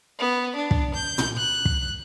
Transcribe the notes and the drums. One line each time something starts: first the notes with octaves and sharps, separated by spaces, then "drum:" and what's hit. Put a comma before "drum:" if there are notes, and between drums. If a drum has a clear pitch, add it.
B3
D4
drum: kick
G6
drum: tom
F#6
drum: kick